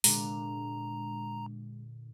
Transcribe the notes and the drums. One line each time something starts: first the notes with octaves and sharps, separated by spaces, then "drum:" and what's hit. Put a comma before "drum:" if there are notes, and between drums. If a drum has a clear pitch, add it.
A#2 D3 G#3 D4 A#5, drum: open hi-hat